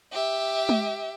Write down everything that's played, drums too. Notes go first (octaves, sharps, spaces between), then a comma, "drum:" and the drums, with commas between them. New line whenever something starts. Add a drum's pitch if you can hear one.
G4 E5
drum: tom G#3